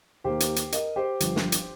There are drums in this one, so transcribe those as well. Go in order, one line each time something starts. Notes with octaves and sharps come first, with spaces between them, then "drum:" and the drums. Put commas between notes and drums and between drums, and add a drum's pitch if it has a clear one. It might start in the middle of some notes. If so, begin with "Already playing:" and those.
D#2 D#3 A#3 G4 C5
drum: hi-hat
drum: hi-hat
A#4 D#5, drum: hi-hat
G4 C5
G1 G2 F3, drum: hi-hat
drum: snare
drum: hi-hat